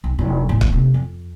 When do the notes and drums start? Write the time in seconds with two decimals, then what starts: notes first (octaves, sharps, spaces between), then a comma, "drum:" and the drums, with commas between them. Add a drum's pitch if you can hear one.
0.04 B1
0.18 F1 E4
0.49 D2 A2
0.61 drum: kick
0.72 C3 A3
0.94 F2